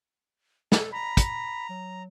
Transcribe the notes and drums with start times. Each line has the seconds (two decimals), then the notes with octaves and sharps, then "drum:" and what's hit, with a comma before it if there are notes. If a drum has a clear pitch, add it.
0.72 A4, drum: snare
0.93 A#5 B5
1.17 drum: kick, hi-hat
1.70 F#3